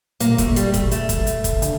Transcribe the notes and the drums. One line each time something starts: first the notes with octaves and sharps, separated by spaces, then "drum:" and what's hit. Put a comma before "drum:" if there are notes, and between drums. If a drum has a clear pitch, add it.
A#2 A#3, drum: hi-hat
A3, drum: kick, hi-hat
G3, drum: hi-hat
A3, drum: kick, hi-hat
A3, drum: hi-hat
drum: kick, hi-hat
drum: hi-hat
drum: kick, hi-hat
D3, drum: hi-hat